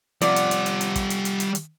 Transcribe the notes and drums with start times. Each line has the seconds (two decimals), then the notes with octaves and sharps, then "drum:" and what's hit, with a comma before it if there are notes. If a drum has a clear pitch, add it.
0.21 C3 F3 G3 D5 F#5, drum: hi-hat
0.36 drum: hi-hat
0.51 drum: hi-hat
0.66 drum: hi-hat
0.81 drum: hi-hat
0.95 drum: kick, hi-hat
1.10 drum: hi-hat
1.25 drum: hi-hat
1.40 drum: hi-hat
1.55 drum: hi-hat